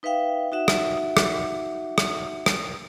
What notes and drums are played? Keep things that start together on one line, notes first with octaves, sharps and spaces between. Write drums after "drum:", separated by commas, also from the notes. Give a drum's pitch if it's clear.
D#4 B4 E5 F5 G5
D#4 F#4 E5 F#5
drum: rim click
drum: rim click
drum: rim click
drum: rim click